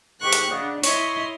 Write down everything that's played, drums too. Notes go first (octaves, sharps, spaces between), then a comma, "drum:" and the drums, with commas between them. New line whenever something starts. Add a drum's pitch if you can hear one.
G#2 D#3 G4 C#6 F#6
drum: hi-hat
C#3 D4 D#5 F#5
E4 C#5 D#5 C6, drum: open hi-hat